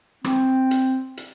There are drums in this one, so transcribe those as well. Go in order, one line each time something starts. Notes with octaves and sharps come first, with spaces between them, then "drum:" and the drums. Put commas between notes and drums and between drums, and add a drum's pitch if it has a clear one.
C4, drum: rim click
drum: hi-hat
drum: hi-hat